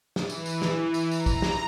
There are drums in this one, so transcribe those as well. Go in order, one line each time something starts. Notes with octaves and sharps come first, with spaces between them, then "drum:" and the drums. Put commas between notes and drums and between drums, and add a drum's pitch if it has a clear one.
E3, drum: snare
drum: tambourine
drum: tambourine
drum: snare
E3
drum: tambourine
A#5, drum: tambourine
drum: kick, tambourine
drum: snare